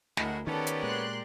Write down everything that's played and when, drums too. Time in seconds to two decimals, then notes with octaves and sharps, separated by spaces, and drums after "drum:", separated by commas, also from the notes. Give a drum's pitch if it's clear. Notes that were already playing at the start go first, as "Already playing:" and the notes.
0.17 D2 A2 G#3 E4 F#4 A#4, drum: snare
0.47 D#3 B3 C#4 G4 A4 A#4 D5
0.67 drum: hi-hat
0.83 A#2 G#3 C6 F#6